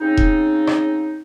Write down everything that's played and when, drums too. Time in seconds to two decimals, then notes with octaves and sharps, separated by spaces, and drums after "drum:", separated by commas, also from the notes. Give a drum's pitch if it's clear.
0.01 C#3 C4 D#4
0.17 drum: kick E1
0.67 drum: rim click